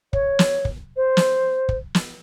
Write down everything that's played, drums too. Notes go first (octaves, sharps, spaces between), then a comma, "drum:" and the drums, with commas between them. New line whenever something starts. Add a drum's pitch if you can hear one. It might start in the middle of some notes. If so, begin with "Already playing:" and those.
C#5, drum: kick
drum: snare
drum: kick
C5
drum: snare
drum: kick
drum: snare